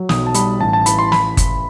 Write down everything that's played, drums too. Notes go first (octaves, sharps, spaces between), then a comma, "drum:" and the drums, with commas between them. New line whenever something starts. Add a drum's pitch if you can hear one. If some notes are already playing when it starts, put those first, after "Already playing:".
Already playing: F#3
B1 D#6, drum: snare
A5
G3 B5, drum: hi-hat
A1 A5
A5
E3 B5, drum: hi-hat
C6
B5, drum: snare
drum: kick G1, hi-hat